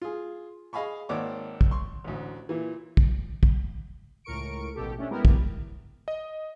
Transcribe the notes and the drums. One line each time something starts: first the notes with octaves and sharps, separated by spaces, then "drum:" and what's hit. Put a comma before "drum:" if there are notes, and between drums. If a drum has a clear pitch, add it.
F4 G#4
G#4 D#5 F5 G#5 B5 C#6
G#1 A#3 C#5 D5 F#5 D6
drum: kick
C6 C#6
A1 D2
A#2 E3
drum: kick
drum: kick
C#2 A2 A#4 C#6 C#7 D7
A1 B2 G4 A4
A3 C#4 D4
G3 G#3 B3 E4 G4 A#4
drum: kick
D#5